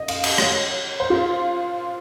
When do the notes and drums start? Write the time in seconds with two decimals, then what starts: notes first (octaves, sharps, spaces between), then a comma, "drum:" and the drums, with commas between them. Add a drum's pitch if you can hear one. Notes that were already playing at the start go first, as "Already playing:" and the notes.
Already playing: D#5
0.08 F5, drum: cymbal
0.24 D#5, drum: cymbal
0.38 C#5, drum: rim click
1.00 C5
1.10 F4